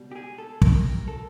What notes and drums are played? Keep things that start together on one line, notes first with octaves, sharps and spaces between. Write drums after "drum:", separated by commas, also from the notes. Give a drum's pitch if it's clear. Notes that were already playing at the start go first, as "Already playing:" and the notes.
Already playing: C#2 B2 G3
G4
G#4
A4
A#4, drum: kick
A4